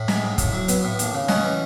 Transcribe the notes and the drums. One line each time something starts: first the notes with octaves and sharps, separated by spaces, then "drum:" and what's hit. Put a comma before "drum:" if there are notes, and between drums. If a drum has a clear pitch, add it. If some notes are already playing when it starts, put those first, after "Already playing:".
Already playing: A2 B5
G#3, drum: snare
G#2
A2, drum: kick, hi-hat
F#3
B3, drum: hi-hat
A2
D#2, drum: hi-hat
C#3
C#4 D#5 F#5, drum: snare
E3